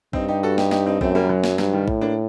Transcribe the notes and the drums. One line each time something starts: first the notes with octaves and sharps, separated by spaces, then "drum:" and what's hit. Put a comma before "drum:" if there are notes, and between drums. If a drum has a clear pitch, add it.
G2 C4 D#4, drum: kick A#1
D#4 G4
F#4 A4
D#4 G4, drum: snare
D#4 G4, drum: snare
C4 D#4
F#2 A3 C4, drum: kick A#1
G3 A#3
F#3
F#3, drum: snare
G2 F#3, drum: snare
D#3 G3
A2, drum: kick A#1
A#3 D4